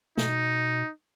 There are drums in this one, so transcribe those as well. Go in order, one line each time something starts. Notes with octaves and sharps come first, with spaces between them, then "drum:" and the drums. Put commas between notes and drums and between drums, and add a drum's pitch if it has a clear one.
B2 D#4, drum: snare